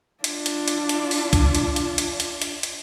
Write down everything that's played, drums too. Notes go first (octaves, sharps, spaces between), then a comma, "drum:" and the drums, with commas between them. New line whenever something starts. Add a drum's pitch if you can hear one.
D4 F4, drum: hi-hat
drum: hi-hat
drum: hi-hat
drum: hi-hat
drum: open hi-hat
drum: kick B1, hi-hat
drum: hi-hat
drum: hi-hat
drum: hi-hat
drum: hi-hat
drum: hi-hat
drum: hi-hat